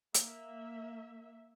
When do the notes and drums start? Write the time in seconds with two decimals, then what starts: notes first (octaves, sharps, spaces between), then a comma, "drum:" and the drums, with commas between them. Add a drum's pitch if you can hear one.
0.15 A#3 E5, drum: hi-hat